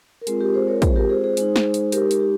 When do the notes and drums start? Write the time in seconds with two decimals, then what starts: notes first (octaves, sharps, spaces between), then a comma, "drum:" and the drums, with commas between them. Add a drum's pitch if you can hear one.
0.21 A#4
0.27 G#3 C4 F4 G#4, drum: hi-hat
0.40 G4 A#4
0.54 G#4 C5
0.68 A#4 C#5
0.82 G#4 C5, drum: kick, hi-hat
0.96 G4 A#4
1.10 G#4 C5
1.24 G#4 C5
1.37 G#3 D#4, drum: hi-hat
1.56 drum: snare
1.74 drum: hi-hat
1.92 G4 A#4, drum: hi-hat
2.11 drum: hi-hat
2.20 G4